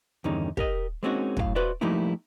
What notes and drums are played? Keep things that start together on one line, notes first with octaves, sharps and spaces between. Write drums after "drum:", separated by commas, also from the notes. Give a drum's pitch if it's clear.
E2 G2 D3 D#3 C#4 D#4
G4 A#4 D#5, drum: kick
G#3 A#3 C4 C#4 D#4 F#4
F#2 A2 G#4 F5, drum: kick
F#4 B4 C5 D5 E5
F3 G3 A3 A#3 D#4 E4